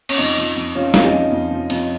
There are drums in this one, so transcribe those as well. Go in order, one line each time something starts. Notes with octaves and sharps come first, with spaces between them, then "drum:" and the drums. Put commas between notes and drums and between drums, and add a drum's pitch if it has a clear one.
C#4, drum: cymbal
F2 D#4
F3, drum: tambourine
F2
F3 C#4 F4
F2, drum: snare
F4
D#4 G#4
F3
F2
F3
F2, drum: cymbal